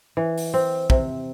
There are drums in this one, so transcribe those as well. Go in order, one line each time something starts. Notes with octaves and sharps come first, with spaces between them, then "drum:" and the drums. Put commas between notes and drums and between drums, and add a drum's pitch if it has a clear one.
E3
drum: open hi-hat
C4
C3, drum: kick